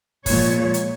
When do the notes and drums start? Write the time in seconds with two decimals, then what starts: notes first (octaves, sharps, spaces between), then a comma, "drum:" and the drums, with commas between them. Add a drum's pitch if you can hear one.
0.26 A#2 F3 G#3 C#5, drum: kick, open hi-hat
0.74 drum: hi-hat